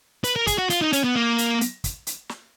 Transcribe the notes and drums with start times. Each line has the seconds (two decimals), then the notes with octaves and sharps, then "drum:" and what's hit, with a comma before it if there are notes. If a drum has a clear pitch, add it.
0.24 B4, drum: hi-hat
0.36 A#4
0.47 G#4, drum: kick, hi-hat
0.58 F#4
0.70 F4, drum: hi-hat
0.81 D#4
0.93 C#4, drum: hi-hat
1.04 B3
1.16 A#3
1.38 drum: hi-hat
1.61 drum: hi-hat
1.84 drum: kick, hi-hat
2.07 drum: hi-hat
2.29 drum: snare